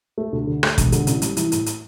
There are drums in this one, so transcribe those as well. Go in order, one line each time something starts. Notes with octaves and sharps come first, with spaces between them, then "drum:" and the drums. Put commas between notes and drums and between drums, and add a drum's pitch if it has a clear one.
A3
D2
D3
A3, drum: rim click
E1, drum: kick, hi-hat
D3, drum: hi-hat
A1, drum: hi-hat
G3, drum: hi-hat
E3, drum: hi-hat
A2, drum: hi-hat
drum: hi-hat